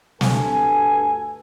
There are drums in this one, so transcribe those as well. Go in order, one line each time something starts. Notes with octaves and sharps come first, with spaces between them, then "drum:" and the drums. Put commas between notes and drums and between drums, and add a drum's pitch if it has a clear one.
D2 G2 A4 B4 G#5, drum: snare